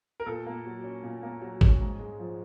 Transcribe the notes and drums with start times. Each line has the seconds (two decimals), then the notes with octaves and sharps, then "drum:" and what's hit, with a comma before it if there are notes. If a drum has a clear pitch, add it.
0.20 A#4
0.26 A#2 A4
0.47 A#3
0.66 F#3
0.84 C#4
1.03 A#2
1.23 A#3
1.42 F#3
1.61 C#4, drum: kick
1.80 G#2
1.99 G#3
2.20 F3